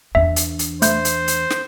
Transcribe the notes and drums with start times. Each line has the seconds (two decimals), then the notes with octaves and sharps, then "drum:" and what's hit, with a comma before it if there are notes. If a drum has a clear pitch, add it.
0.15 E2 D4 E5
0.36 drum: hi-hat
0.59 drum: hi-hat
0.82 A3 C5 G6, drum: hi-hat
1.05 drum: hi-hat
1.28 drum: hi-hat
1.50 drum: snare